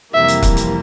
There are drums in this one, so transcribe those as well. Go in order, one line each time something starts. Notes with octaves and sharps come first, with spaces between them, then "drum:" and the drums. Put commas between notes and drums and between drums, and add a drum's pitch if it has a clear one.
F2 C3 E3 G3 A#3 E5
drum: hi-hat
drum: kick, hi-hat
drum: hi-hat